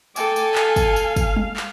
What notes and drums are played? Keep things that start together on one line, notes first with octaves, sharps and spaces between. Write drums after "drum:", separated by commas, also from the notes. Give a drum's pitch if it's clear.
A4 G5 G#5 D6, drum: tambourine
drum: tambourine
F5, drum: clap
drum: kick, tambourine
drum: tambourine
drum: kick, tambourine
drum: tom G3
drum: clap